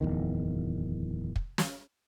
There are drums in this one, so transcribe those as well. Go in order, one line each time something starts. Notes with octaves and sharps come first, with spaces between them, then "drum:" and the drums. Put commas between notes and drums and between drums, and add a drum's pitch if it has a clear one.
D1 A#1 E2 D#3
drum: kick
drum: snare